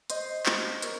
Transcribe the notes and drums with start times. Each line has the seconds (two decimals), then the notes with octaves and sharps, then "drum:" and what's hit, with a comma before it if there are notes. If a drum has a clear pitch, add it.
0.10 C5 D#5, drum: hi-hat
0.46 drum: clap
0.82 A#4 C#5, drum: hi-hat